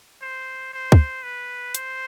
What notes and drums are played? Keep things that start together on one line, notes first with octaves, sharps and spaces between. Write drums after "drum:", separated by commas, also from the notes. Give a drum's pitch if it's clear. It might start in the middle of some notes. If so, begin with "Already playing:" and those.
C5
C5
drum: kick
B4
C5, drum: hi-hat